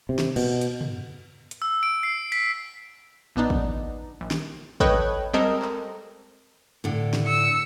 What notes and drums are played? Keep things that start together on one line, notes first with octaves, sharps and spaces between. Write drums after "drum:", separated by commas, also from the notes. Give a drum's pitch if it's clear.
C3
drum: snare
B2, drum: cymbal
drum: hi-hat
drum: tom
drum: hi-hat
E6
D7
C7
B6, drum: cymbal
A#1 B3 D4 D#4
drum: kick
A#1
drum: snare
A4 B4 C#5 D#5 G5 F#6, drum: kick
G3 G#3 C4 A4 A#4 D#5
drum: clap
A2 D3
drum: snare
E6 C#7